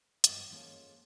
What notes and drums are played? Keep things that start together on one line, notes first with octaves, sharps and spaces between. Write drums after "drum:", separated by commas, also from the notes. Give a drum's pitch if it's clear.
G2 F#3 B3 C4 F4 D#5, drum: hi-hat
F3 G#3 A#3 C#4 A4